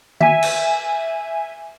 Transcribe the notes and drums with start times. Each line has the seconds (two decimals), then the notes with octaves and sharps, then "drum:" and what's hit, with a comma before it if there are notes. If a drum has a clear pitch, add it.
0.21 E5 G#5, drum: tom D#3
0.42 drum: cymbal